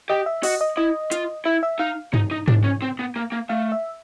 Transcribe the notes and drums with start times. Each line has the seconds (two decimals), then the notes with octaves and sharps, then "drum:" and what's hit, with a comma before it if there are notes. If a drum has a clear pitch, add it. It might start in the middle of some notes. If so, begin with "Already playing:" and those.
0.09 G4 D#5
0.26 E5
0.43 F#4 D#5, drum: open hi-hat
0.61 D#5
0.77 E4 D#5
1.12 F4, drum: hi-hat
1.45 E4 E5
1.63 E5
1.79 D#4 F5
2.14 D#4, drum: tom G2
2.31 D#4
2.48 D4, drum: tom G#2
2.64 C#4
2.82 C4
2.99 B3
3.16 A#3
3.32 A#3
3.49 A3 F5
3.72 E5